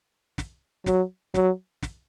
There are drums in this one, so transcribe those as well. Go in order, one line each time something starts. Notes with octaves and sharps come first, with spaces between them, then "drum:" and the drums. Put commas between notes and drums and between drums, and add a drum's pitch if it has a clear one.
drum: snare
F#3, drum: snare
F#3, drum: snare
drum: snare